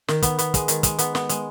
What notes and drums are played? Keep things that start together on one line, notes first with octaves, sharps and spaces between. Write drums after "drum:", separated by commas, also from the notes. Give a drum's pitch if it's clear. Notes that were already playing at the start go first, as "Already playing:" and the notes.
D#3, drum: snare
B3, drum: kick, hi-hat
B3, drum: hi-hat
G#3, drum: kick, hi-hat
D#3, drum: hi-hat
G#3, drum: kick, hi-hat
B3, drum: hi-hat
B3, drum: snare
G#3, drum: hi-hat